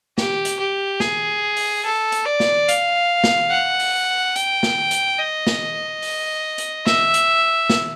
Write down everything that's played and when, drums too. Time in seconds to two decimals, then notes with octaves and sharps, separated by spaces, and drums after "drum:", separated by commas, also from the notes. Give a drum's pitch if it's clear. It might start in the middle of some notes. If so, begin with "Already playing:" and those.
0.18 G4, drum: snare
0.45 drum: hi-hat
0.59 G4
1.00 G#4, drum: snare
1.56 drum: open hi-hat
1.85 A4
2.12 drum: hi-hat
2.26 D5
2.40 drum: snare
2.69 F5, drum: hi-hat
3.24 drum: snare
3.51 F#5
3.79 drum: open hi-hat
4.36 G5, drum: hi-hat
4.63 drum: snare
4.91 drum: hi-hat
5.19 D#5
5.47 drum: snare
6.02 drum: open hi-hat
6.58 drum: hi-hat
6.87 E5, drum: snare
7.14 drum: hi-hat
7.70 drum: snare